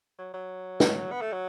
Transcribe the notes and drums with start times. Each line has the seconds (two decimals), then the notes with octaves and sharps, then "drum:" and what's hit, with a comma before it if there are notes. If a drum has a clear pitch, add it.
0.18 F#3
0.34 F#3
0.80 drum: snare
1.12 B3
1.22 A3
1.32 F#3